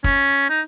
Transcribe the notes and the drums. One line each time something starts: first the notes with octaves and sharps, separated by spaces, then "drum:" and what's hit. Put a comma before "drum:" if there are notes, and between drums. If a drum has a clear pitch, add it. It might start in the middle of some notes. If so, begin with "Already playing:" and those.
C#4, drum: kick
D#4